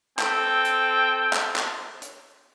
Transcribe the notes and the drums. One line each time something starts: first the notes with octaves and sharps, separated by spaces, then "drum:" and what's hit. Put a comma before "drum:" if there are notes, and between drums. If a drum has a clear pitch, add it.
C4 A4 G5, drum: clap
drum: hi-hat
drum: clap
drum: clap
drum: hi-hat